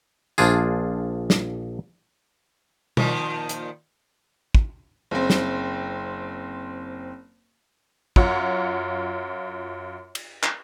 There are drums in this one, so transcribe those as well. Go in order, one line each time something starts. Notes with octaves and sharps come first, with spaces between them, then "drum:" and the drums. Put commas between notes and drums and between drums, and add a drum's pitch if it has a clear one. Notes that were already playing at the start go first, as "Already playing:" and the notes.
A#1 F3 D4 F4 G#4, drum: tambourine
drum: snare
A#2 D#3 F3, drum: tom B2
drum: hi-hat
drum: kick
F#1 C4
drum: snare
F#2 F4 C#5 F#5, drum: kick
drum: cymbal
drum: clap